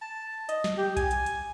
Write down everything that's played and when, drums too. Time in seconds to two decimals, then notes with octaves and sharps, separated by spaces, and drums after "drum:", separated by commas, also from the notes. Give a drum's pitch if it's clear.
0.02 A5
0.49 D#5, drum: hi-hat
0.64 drum: snare
0.78 G4
0.97 G#5, drum: kick B1, hi-hat
1.11 drum: hi-hat
1.26 drum: hi-hat